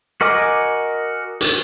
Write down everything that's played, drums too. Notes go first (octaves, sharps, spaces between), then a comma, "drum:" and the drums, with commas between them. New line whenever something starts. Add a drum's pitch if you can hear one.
F#4 A#4 D#5 G#5 D6
drum: hi-hat